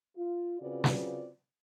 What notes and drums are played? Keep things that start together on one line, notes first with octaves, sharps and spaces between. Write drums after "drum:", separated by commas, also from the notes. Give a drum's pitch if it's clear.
F4
C#3 C4 F4 F#4 B4 D5
drum: snare